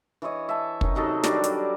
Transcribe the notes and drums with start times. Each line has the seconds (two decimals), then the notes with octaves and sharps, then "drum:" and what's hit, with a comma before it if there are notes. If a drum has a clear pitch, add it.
0.22 E3 E4 C#5 D#5
0.49 E5 A5
0.81 D#3 C#4 D#4, drum: kick
0.95 C3 F#3 D#4 A4
1.23 D#3 F#3 G3 D4, drum: snare
1.44 D5, drum: hi-hat